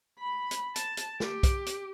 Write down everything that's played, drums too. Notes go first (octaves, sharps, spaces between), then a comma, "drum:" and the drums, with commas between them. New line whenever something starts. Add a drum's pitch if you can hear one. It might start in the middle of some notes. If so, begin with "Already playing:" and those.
B5
drum: hi-hat
A5, drum: hi-hat
drum: hi-hat
G4, drum: snare
drum: kick, hi-hat
drum: hi-hat